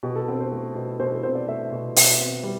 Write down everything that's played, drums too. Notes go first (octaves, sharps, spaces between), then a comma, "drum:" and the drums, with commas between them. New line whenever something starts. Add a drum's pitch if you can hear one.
B2 G4
A4
C4 B4
C5
A3
B2
B2 C5
A4
C4 C5
D5
A3 E5
B2
B2 E5, drum: open hi-hat
C4
G3